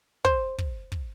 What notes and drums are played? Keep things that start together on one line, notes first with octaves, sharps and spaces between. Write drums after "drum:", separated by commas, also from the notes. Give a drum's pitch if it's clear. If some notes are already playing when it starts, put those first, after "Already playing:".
C5, drum: kick
drum: kick
drum: kick